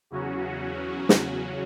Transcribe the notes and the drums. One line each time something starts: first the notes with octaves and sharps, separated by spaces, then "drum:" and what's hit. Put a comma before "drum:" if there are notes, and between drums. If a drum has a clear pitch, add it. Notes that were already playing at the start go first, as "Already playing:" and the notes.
E2 C#3 F#3 C#4 F#4
drum: snare